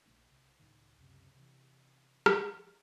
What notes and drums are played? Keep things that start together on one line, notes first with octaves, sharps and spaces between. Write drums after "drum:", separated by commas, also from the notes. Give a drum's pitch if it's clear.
A#1 A3 D4
C2
C#2 A2 D#3
C#2 F#2 C3
C3 E3
drum: rim click
F3